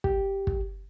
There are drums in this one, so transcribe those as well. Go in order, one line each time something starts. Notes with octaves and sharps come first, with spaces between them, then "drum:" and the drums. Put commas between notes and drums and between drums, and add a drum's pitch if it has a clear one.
G4, drum: kick
drum: kick